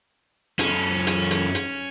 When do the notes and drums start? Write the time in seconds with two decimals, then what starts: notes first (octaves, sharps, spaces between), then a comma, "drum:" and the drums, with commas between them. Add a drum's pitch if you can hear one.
0.59 F#2 C#4 A4, drum: hi-hat
1.07 drum: hi-hat
1.31 drum: hi-hat
1.55 drum: hi-hat